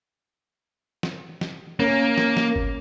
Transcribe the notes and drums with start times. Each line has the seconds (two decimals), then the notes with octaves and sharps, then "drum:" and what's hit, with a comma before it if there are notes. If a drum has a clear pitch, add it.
1.03 drum: snare
1.41 drum: snare
1.79 A#3 C#4 A#4
2.18 drum: snare
2.37 drum: snare
2.56 drum: kick G1